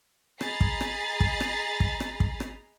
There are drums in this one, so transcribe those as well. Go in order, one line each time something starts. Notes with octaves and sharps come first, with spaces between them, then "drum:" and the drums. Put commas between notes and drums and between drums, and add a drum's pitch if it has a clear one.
G#4 D#5 A#5 B5 A6 C7, drum: rim click
drum: kick
drum: rim click
drum: kick
drum: rim click
drum: kick
drum: rim click
drum: kick
drum: rim click